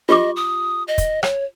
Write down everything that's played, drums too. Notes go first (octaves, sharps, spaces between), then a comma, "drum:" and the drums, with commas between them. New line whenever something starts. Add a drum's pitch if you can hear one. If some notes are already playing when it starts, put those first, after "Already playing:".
F4 G4 D#5 D6
D#6
D#5
drum: kick, hi-hat
C#5, drum: rim click